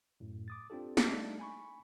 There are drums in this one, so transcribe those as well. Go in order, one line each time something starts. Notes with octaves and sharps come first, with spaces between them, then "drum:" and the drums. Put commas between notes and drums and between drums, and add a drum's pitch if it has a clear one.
F#2 A2
D6 D#6 A6
C4 D4 F4 G4 A4
drum: snare
G3 A3 D4 D#4
G#5 B5 C#6